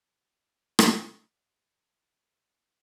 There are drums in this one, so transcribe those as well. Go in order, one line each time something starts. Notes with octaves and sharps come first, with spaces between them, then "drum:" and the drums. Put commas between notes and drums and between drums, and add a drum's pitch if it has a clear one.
G4
drum: rim click
G#4